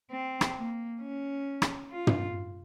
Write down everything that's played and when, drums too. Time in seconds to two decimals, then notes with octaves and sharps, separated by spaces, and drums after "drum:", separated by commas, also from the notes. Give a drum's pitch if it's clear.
0.11 C4
0.41 drum: rim click
0.56 A#3
1.01 C#4
1.62 drum: rim click
1.92 F4
2.07 drum: tom